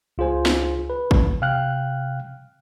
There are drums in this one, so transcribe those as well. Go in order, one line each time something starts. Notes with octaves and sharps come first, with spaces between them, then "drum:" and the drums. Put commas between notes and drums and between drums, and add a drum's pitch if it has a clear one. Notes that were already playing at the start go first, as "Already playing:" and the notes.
C#2 F4 G#4 C5 G#5
drum: snare
B4
drum: kick
C3 F5 G5 F6 F#6